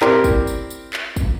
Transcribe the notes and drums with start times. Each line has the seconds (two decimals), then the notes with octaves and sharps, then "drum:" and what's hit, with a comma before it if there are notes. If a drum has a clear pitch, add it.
0.01 C4 E4 G4 A#4 D5, drum: clap
0.24 drum: kick, tambourine
0.47 drum: tambourine
0.70 drum: tambourine
0.93 drum: clap
1.16 drum: kick, tambourine